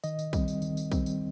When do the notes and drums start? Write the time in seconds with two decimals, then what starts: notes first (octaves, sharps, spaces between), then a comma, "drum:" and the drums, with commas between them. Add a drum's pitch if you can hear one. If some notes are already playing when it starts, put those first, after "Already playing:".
0.04 D#3 D#5, drum: tambourine
0.19 drum: tambourine
0.33 G3 C4, drum: kick, tambourine
0.48 drum: tambourine
0.62 D#3, drum: tambourine
0.77 drum: tambourine
0.92 G3 C4, drum: kick, tambourine
1.06 drum: tambourine